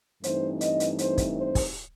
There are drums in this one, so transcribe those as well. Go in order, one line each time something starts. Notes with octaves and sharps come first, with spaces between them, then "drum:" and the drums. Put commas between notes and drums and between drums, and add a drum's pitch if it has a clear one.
G2 E3 A3 C4 D#4 C5, drum: hi-hat
D#5, drum: hi-hat
drum: hi-hat
C5, drum: hi-hat
drum: kick, hi-hat
C5
drum: kick, open hi-hat